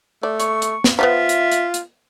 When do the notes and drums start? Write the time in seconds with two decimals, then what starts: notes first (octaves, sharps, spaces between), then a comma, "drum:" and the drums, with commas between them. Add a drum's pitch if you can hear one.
0.23 A3 D5
0.40 C#6, drum: hi-hat
0.62 drum: hi-hat
0.84 drum: snare
0.99 F3 G#3 B3 F4 E5
1.29 drum: hi-hat
1.52 drum: hi-hat
1.74 drum: hi-hat